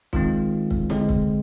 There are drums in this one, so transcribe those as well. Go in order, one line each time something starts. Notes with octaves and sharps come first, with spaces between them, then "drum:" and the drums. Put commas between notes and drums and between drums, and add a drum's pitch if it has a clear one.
D#3 G#3 C4 F4, drum: kick C#1
drum: kick C#1
D3 G#3 C4, drum: snare
drum: kick C#1